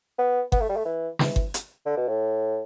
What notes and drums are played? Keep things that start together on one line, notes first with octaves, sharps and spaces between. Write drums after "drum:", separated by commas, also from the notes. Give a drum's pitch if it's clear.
B3
B3, drum: kick G1
A3
G3
A3
E3
E3, drum: snare
drum: kick G1
drum: hi-hat
D3
B2
A2